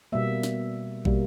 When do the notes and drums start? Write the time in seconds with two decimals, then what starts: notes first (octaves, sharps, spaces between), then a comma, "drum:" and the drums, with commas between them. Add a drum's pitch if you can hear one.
0.12 B2 G3 A#3 E5
0.43 drum: snare
1.05 B2 G3 A#3, drum: kick